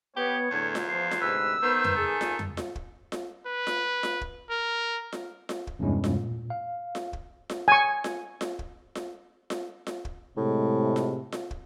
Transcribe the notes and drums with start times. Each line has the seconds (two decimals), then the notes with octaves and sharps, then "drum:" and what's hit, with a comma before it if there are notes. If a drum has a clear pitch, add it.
0.16 B3 G4 C#5
0.51 E2 A2 D3
0.75 drum: snare F4
0.89 F3 C6
1.11 drum: snare F4
1.21 D2 G#2 C3 B4 E6
1.62 D#3 B3 B4 C5
1.84 drum: tom F2
1.96 G#4 A4
2.21 drum: snare F4
2.39 drum: tom F2
2.57 drum: snare F4
2.75 drum: kick
3.12 drum: snare F4
3.46 B4
3.67 drum: snare F4
4.03 drum: snare F4
4.21 drum: kick
4.50 A#4
5.13 drum: snare F4
5.49 drum: snare F4
5.67 drum: kick
5.79 E2 G2 C3 G#3 C#4 E4
6.04 drum: snare F4
6.16 A#2
6.50 F5
6.95 drum: snare F4
7.13 drum: kick
7.50 drum: snare F4
7.68 G#5 C#6
8.04 drum: snare F4
8.41 drum: snare F4
8.59 drum: kick
8.95 drum: snare F4
9.50 drum: snare F4
9.87 drum: snare F4
10.05 drum: kick
10.37 A2 C3 G#3
10.96 drum: snare F4
11.32 drum: snare F4
11.51 drum: kick